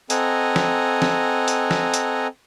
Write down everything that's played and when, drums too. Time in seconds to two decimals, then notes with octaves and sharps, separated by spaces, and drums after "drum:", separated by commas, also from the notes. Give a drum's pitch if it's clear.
0.10 C4 A4 D#5 F#5 G#5 A#5, drum: hi-hat
0.56 drum: snare
1.02 drum: snare
1.48 drum: hi-hat
1.71 drum: snare
1.94 drum: hi-hat